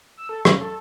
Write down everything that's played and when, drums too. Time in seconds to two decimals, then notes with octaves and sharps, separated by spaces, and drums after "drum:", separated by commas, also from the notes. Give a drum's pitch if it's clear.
0.17 E6
0.29 A4
0.45 C#3, drum: rim click
0.61 A4